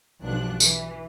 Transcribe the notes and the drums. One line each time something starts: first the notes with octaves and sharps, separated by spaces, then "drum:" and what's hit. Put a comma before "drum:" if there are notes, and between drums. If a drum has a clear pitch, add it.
B1 G2 F3 D4 F#6
E3, drum: tambourine